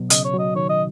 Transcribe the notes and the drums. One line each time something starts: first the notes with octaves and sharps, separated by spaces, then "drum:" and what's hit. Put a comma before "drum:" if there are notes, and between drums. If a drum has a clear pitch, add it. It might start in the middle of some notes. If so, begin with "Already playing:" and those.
Already playing: B2 F#3
C#3 D#5, drum: hi-hat
C#5
F#3
D#5
D#3 C#5
D#5